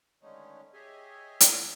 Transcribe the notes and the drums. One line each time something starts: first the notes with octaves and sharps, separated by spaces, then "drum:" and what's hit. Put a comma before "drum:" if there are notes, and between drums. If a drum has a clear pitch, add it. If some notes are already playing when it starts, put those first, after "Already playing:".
D3 D#3 G#3 A3 C#4 D#4
G4 G#4 C#5 D#5 E5 G#5
drum: hi-hat